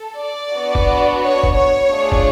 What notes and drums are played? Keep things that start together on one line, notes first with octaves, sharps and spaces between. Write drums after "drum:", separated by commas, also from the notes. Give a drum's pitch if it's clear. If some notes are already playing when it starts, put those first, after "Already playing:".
Already playing: A4
D5
B3 D4 F#4
drum: kick
C#5
drum: kick
C#5
A3 D4 F4 G#4
drum: kick